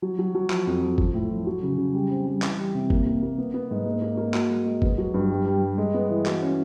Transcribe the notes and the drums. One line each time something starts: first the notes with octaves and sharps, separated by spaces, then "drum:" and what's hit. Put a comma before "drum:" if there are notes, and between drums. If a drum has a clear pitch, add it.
F#3
F#3
F#3
F3, drum: clap
F2
F3
F3, drum: kick G1
A2
F3
F#3
C#3
C#3
G3
C4
G3
E3, drum: clap
G3
C3
A#3, drum: kick G1
A#3
A#3
B3
B3
G#2
A#3
A#3
A#3
F#4, drum: clap
G#3
G#3
B3, drum: kick G1
F#3
G2
G3
G3
G3
G#3
B3
E3
F#4, drum: clap
C#4